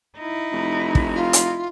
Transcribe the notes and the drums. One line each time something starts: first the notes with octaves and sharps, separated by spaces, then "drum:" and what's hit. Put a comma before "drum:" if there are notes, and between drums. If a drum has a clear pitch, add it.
D#4 E4
F1
drum: kick
F4
drum: hi-hat